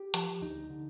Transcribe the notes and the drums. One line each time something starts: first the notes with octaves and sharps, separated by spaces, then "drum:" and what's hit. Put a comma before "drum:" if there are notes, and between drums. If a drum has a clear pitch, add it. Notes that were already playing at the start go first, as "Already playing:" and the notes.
Already playing: G4
F3, drum: hi-hat
D2 D#4
D3